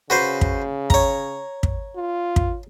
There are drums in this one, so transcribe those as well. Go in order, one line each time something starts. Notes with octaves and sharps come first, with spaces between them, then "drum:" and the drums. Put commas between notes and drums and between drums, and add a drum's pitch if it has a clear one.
C#3 F#4 B4 C5
drum: kick
C#5 A#5, drum: kick
drum: kick
F4
drum: kick